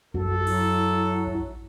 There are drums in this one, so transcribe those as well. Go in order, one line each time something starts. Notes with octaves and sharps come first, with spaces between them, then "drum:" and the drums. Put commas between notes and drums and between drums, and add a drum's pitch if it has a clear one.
F#2 F#4 A4, drum: kick A1
F#3 E4, drum: cymbal
drum: kick A1